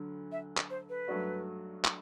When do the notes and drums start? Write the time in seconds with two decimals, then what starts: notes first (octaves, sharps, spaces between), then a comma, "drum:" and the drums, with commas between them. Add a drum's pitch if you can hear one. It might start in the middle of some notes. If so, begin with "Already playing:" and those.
Already playing: D2 D3 F#3
0.32 E5
0.57 drum: clap
0.70 C5
0.90 B4
1.08 G2 F#3 A3 D4 F#4
1.85 drum: clap